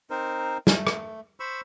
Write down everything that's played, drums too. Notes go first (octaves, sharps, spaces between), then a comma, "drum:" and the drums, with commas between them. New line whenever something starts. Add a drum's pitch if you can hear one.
C4 D#4 A#4 C5
A3, drum: snare
drum: rim click
C5 B5 C#6 E6